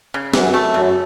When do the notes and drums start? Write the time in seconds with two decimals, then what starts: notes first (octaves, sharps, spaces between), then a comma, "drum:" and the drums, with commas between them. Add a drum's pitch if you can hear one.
0.14 C#3
0.34 F#2 E3, drum: snare
0.54 A3
0.74 F#2 C#3